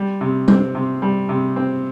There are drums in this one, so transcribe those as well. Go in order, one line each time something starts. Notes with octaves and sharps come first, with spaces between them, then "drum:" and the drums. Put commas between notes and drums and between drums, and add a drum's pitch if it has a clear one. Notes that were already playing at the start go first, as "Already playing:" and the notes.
Already playing: G3
C3
C4, drum: tom G3
C3
G3
C3
C4